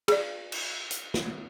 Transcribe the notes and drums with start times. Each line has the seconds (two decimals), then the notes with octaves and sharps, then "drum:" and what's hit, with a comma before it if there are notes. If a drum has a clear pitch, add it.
0.08 G#4 D5, drum: cymbal
0.52 drum: cymbal
0.91 drum: hi-hat
1.14 drum: snare